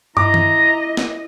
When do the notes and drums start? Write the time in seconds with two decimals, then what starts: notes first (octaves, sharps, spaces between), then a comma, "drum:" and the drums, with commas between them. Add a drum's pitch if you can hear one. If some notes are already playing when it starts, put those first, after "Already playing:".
0.17 E4 D#5 A#5 D6, drum: tom
0.34 drum: tom
0.97 drum: snare